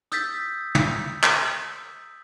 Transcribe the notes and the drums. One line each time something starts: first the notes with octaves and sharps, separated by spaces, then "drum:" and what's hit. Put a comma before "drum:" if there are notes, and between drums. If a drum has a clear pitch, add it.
D#6 E6 G6 A6 B6, drum: hi-hat
drum: tom
drum: clap